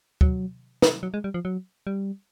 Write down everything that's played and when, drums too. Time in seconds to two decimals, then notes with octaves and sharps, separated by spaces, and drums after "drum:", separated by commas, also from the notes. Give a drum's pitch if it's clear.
0.21 F#3, drum: kick
0.82 drum: snare
1.03 F#3
1.14 G#3
1.24 G3
1.34 F3
1.45 F#3
1.87 G3